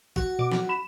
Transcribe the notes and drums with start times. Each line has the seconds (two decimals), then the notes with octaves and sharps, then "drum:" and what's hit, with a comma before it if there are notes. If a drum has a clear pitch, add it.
0.16 F#4, drum: kick
0.39 B2 D6
0.52 drum: snare
0.69 B5 E7